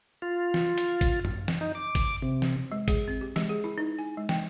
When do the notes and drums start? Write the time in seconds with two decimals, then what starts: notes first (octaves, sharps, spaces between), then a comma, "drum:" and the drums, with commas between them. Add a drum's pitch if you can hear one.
0.22 F4
0.54 drum: snare
0.78 drum: hi-hat
1.01 drum: kick G#1, hi-hat
1.25 drum: tom F#2
1.48 drum: snare
1.61 D#4
1.75 D6
1.95 drum: kick G#1, hi-hat
2.22 C3
2.42 drum: snare
2.72 G#3
2.88 G#4, drum: kick G#1, hi-hat
3.08 C4
3.21 G4
3.36 G#3, drum: snare
3.49 G#4
3.64 E4
3.78 D#4
3.98 G#5
4.18 G#3
4.29 G5, drum: snare